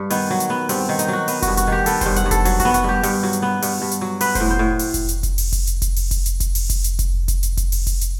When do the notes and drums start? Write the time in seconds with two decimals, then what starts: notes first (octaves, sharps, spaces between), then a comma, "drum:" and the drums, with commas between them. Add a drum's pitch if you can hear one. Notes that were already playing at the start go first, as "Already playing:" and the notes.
Already playing: G2
0.10 D#3 B3, drum: open hi-hat
0.31 F#3
0.40 drum: hi-hat
0.50 B3
0.69 G2 C4, drum: open hi-hat
0.89 D#3
0.99 D#4, drum: hi-hat
1.08 F#3 F#4
1.28 B3, drum: open hi-hat
1.42 F#4, drum: kick F1, hi-hat
1.48 G2
1.57 F#4, drum: hi-hat
1.67 D#3 G4
1.86 B3 A4, drum: open hi-hat
2.01 G2 C5, drum: kick F1, hi-hat
2.16 F#5, drum: hi-hat
2.26 G2
2.31 A4, drum: kick F1, hi-hat
2.45 F#3, drum: open hi-hat
2.60 F#4, drum: kick F1, hi-hat
2.65 B3
2.74 F#4, drum: hi-hat
2.84 G2 G4
3.03 G2, drum: open hi-hat
3.23 F#3
3.33 drum: hi-hat
3.42 B3
3.62 G2, drum: open hi-hat
3.82 G2
3.91 drum: hi-hat
4.01 F#3
4.21 B3 B4, drum: open hi-hat
4.35 C5, drum: kick F1, hi-hat
4.40 A2
4.51 C5
4.59 A2
4.79 drum: open hi-hat
4.94 drum: kick F1, hi-hat
5.09 drum: hi-hat
5.23 drum: kick F1, hi-hat
5.38 drum: open hi-hat
5.52 drum: kick F1, hi-hat
5.67 drum: hi-hat
5.82 drum: kick F1, hi-hat
5.96 drum: open hi-hat
6.11 drum: kick F1, hi-hat
6.26 drum: hi-hat
6.40 drum: kick F1, hi-hat
6.55 drum: open hi-hat
6.70 drum: kick F1, hi-hat
6.84 drum: hi-hat
6.99 drum: kick F1, hi-hat
7.28 drum: kick F1, hi-hat
7.43 drum: hi-hat
7.57 drum: kick F1, hi-hat
7.72 drum: open hi-hat
7.87 drum: kick F1, hi-hat
8.01 drum: hi-hat